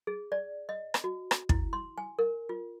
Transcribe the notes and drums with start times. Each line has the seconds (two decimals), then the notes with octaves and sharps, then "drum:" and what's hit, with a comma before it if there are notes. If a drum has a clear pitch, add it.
0.07 G#4
0.32 D5
0.69 D#5
0.94 drum: rim click
1.04 F#4
1.31 drum: rim click
1.49 E4, drum: kick
1.73 C6
1.98 G#5
2.19 A#4
2.49 F4